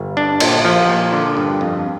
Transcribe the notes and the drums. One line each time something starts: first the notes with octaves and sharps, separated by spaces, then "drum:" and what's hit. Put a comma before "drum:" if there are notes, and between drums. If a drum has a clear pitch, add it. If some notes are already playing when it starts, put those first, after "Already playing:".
Already playing: G1
D4
A#2, drum: cymbal
F3
A#2
D3
G2
F2